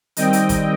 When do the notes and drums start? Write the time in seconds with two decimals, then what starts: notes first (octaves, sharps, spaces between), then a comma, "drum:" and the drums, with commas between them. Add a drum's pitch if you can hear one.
0.17 D#3 G3 C4 D#5 G5, drum: hi-hat
0.33 drum: hi-hat
0.49 drum: kick, hi-hat